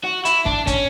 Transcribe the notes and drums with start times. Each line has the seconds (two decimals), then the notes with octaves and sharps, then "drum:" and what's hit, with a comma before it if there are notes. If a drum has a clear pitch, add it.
0.04 F#4
0.25 E4, drum: hi-hat
0.46 D4, drum: kick
0.67 C#4, drum: kick, hi-hat